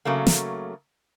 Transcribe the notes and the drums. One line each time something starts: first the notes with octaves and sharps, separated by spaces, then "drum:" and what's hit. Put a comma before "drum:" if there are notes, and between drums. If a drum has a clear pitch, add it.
C#3 F#3 A3 A#3
drum: snare